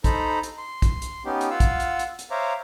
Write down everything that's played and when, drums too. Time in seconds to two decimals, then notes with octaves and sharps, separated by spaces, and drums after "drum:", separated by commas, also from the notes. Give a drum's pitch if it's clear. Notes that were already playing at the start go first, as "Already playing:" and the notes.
0.04 D#4 A4 C5 A#5 B5, drum: kick, hi-hat
0.43 drum: hi-hat
0.58 C6
0.82 drum: kick, hi-hat
1.02 drum: hi-hat
1.25 B3 C#4 D#4 G4
1.41 drum: hi-hat
1.50 F4 F5 F#5 E6
1.60 drum: kick, hi-hat
1.80 drum: hi-hat
1.99 drum: hi-hat
2.19 drum: hi-hat
2.31 C5 C#5 E5 F5 A#5 D6